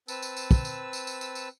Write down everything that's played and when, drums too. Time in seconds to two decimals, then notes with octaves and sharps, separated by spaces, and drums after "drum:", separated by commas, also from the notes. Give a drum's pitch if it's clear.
0.08 C4 B4 A5 E6, drum: tambourine
0.22 drum: tambourine
0.37 drum: tambourine
0.51 drum: kick, tambourine
0.65 drum: tambourine
0.93 drum: tambourine
1.07 drum: tambourine
1.21 drum: tambourine
1.35 drum: tambourine